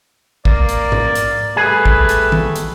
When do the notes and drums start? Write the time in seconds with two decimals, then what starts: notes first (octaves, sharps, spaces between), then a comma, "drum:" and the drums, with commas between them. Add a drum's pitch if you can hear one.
0.45 A#3 D5, drum: kick
0.69 drum: hi-hat
0.92 drum: tom G#2
1.15 drum: hi-hat
1.57 G3 A3 G#4 B4 G#5
1.86 drum: kick
2.09 drum: hi-hat
2.32 drum: tom D#3
2.56 drum: hi-hat